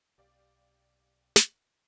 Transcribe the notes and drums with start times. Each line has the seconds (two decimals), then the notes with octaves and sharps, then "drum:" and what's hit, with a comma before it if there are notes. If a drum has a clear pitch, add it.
0.18 B1 G4 D5 F5
1.36 drum: snare